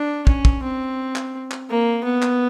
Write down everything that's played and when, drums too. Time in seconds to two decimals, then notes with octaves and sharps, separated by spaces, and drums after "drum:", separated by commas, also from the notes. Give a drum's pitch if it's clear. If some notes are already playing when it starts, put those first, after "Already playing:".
Already playing: D4
0.27 C#4, drum: kick
0.45 drum: kick
0.62 C4
1.16 drum: clap
1.51 drum: clap
1.70 A#3
2.04 B3
2.22 drum: clap